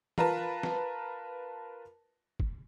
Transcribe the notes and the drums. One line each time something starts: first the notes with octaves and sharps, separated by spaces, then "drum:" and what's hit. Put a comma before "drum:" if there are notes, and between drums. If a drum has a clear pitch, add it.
F4 A#4 B4 A5, drum: tom E3
drum: snare
drum: kick